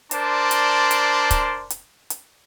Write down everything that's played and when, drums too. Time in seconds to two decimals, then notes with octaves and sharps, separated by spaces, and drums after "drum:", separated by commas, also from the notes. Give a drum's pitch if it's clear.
0.11 D4 A#4 C5 D5 A5 C6, drum: hi-hat
0.51 drum: hi-hat
0.91 drum: hi-hat
1.31 drum: kick, hi-hat
1.70 drum: hi-hat
2.10 drum: hi-hat